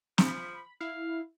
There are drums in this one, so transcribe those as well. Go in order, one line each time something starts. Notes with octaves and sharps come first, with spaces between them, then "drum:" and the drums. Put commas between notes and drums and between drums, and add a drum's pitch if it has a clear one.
F3 B5, drum: snare
E4 F5